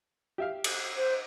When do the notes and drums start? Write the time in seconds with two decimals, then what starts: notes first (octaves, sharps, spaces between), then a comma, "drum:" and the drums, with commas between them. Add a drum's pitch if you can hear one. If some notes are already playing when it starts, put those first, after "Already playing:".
0.38 G4 E5 F5
0.64 drum: cymbal
0.97 C5